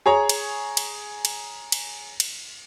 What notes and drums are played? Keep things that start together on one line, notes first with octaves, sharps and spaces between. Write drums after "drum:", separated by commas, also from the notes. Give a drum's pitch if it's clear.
G#4 C#5 A#5
drum: cymbal
drum: cymbal
drum: cymbal
drum: cymbal
drum: cymbal